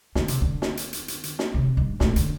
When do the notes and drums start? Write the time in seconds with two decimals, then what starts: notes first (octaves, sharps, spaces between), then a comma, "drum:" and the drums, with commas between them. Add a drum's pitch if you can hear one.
0.15 D3, drum: snare
0.28 C3, drum: hi-hat
0.42 D3
0.62 drum: snare
0.77 drum: hi-hat
0.93 drum: hi-hat
1.08 drum: hi-hat
1.24 drum: hi-hat
1.39 drum: snare
1.54 C3
1.77 G2
2.00 A2, drum: snare
2.16 D3, drum: hi-hat